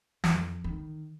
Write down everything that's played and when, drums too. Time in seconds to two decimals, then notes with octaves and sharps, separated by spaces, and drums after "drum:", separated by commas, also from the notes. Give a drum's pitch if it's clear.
0.24 F2, drum: snare
0.64 D#3